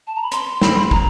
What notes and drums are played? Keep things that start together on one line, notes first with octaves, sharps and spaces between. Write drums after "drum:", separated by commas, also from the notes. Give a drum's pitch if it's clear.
A5
A#5
B5
C6, drum: hi-hat
B5, drum: snare
A#5, drum: kick